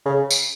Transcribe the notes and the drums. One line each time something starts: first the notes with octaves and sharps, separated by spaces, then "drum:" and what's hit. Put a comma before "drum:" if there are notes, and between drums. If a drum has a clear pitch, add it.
C#3
drum: tambourine